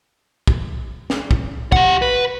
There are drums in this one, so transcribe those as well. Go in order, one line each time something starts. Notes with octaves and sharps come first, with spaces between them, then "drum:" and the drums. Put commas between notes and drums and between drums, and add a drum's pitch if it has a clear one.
drum: kick
drum: snare
drum: kick
G4 F#5, drum: kick
B4